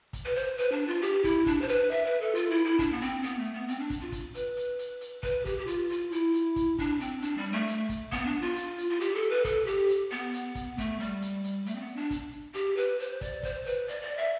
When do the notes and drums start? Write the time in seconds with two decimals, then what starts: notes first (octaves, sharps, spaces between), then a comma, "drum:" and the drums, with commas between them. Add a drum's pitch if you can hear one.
0.13 drum: kick, hi-hat
0.25 B4
0.35 C5, drum: hi-hat
0.58 B4, drum: hi-hat
0.72 D4
0.87 F4
1.02 G4, drum: hi-hat
1.24 E4, drum: kick, hi-hat
1.46 D4, drum: kick, hi-hat
1.62 C5
1.68 B4, drum: hi-hat
1.91 E5, drum: hi-hat
2.05 B4
2.21 A4
2.35 F4, drum: hi-hat
2.50 E4
2.65 E4
2.79 D4, drum: kick, hi-hat
2.92 B3
3.01 C4, drum: hi-hat
3.23 B3, drum: hi-hat
3.39 A3
3.54 B3
3.68 C4, drum: hi-hat
3.79 D4
3.90 drum: kick, hi-hat
4.01 F4
4.12 drum: kick, hi-hat
4.35 B4, drum: hi-hat
4.57 drum: hi-hat
4.79 drum: hi-hat
5.01 drum: hi-hat
5.23 B4, drum: kick, hi-hat
5.46 G4, drum: kick, hi-hat
5.58 G4
5.67 F4, drum: hi-hat
5.90 F4, drum: hi-hat
6.12 E4, drum: hi-hat
6.34 drum: hi-hat
6.56 drum: kick, hi-hat
6.78 D4, drum: kick, hi-hat
7.00 C4, drum: hi-hat
7.22 D4, drum: hi-hat
7.37 G3
7.52 A3
7.67 drum: hi-hat
7.89 drum: kick, hi-hat
8.12 B3, drum: kick, hi-hat
8.26 D4
8.41 F4
8.56 drum: hi-hat
8.78 drum: hi-hat
8.90 F4
9.01 G4, drum: hi-hat
9.15 A4
9.30 B4
9.45 A4, drum: kick, hi-hat
9.66 G4, drum: hi-hat
9.89 drum: hi-hat
10.11 B3, drum: hi-hat
10.33 drum: hi-hat
10.55 drum: kick, hi-hat
10.78 A3, drum: kick, hi-hat
11.00 G3, drum: hi-hat
11.22 drum: hi-hat
11.44 drum: hi-hat
11.66 A3, drum: hi-hat
11.75 C4
11.81 B3
11.96 D4
12.10 drum: kick, hi-hat
12.54 G4, drum: hi-hat
12.77 B4, drum: hi-hat
13.00 C5, drum: hi-hat
13.21 D5, drum: kick, hi-hat
13.43 C5, drum: kick, hi-hat
13.66 B4, drum: hi-hat
13.88 D5, drum: hi-hat
14.02 D5
14.17 E5